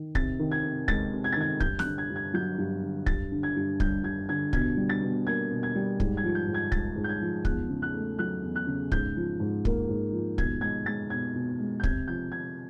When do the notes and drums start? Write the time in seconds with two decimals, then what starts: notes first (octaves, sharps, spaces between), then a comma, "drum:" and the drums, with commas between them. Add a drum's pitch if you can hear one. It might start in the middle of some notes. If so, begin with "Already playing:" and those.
Already playing: D#3
0.15 C3 A6, drum: kick
0.39 D#3
0.51 G#6
0.64 C3
0.88 G#3 A6, drum: kick
1.13 C3
1.24 G#6
1.32 A6
1.36 D#3 G#6
1.60 G2 G6, drum: kick
1.79 F#6, drum: snare
1.86 D3
1.98 G#6
2.10 G2
2.16 G#6
2.34 F#3 G6
2.58 G2
2.83 D3
3.06 G2 A6, drum: kick
3.32 D3
3.43 G#6
3.56 G2
3.80 G3 G6, drum: kick
4.04 G2 G#6
4.29 D3 G#6
4.53 B2 G#6, drum: kick
4.77 G3
4.89 A6
5.02 B2
5.27 A#3 G#6
5.51 B2
5.63 G#6
5.75 G3
6.00 G#2, drum: kick
6.17 G#6
6.24 F3
6.35 G6
6.47 G#2
6.54 G#6
6.72 G#3 A6, drum: kick
6.96 G#2
7.04 G6
7.09 G#6
7.22 F3
7.45 E2 F#6, drum: kick
7.70 C#3
7.82 F#6
7.94 A3
8.19 F#3 F#6
8.42 E2
8.55 F#6
8.67 C#3
8.92 G#2 G6, drum: kick
9.16 F3
9.40 G#2
9.65 A#3, drum: kick
9.89 G#2
10.13 F3
10.38 B2 G#6, drum: kick
10.61 G#3 G#6
10.86 G#3 A6
11.10 B2 G#6
11.35 B2
11.60 G#3
11.80 G6
11.83 C3 G#6, drum: kick
12.08 F3 G6
12.32 C3 G#6